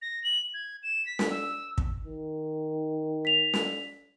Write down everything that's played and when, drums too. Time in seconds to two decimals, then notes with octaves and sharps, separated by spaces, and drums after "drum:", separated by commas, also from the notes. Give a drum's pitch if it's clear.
0.02 A#6
0.24 F#7
0.54 G#6
0.83 E7
1.06 B6
1.19 drum: snare
1.31 E6
1.78 drum: kick
2.05 D#3
3.25 B6 F7
3.53 drum: snare